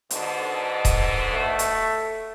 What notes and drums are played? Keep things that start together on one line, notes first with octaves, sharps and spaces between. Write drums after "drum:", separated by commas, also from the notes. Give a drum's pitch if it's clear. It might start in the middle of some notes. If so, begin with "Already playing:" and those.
G#2 B2 D3, drum: hi-hat
drum: kick D#1, hi-hat
A3
drum: hi-hat